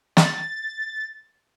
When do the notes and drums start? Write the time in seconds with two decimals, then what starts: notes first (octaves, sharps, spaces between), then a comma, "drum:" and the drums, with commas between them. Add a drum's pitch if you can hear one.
0.17 A6, drum: snare